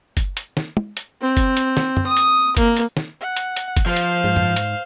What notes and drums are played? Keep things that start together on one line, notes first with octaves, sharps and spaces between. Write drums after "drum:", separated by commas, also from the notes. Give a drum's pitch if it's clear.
drum: kick F#1, hi-hat
drum: hi-hat
drum: snare
drum: tom
drum: hi-hat
C4
drum: kick F#1, hi-hat
drum: hi-hat
drum: snare
drum: tom
D#6
drum: hi-hat
A#3, drum: kick F#1, hi-hat
drum: hi-hat
drum: snare
F#5
drum: hi-hat
drum: hi-hat
drum: kick F#1, hi-hat
F3 C5 F5
drum: hi-hat
G#2
drum: tom
drum: hi-hat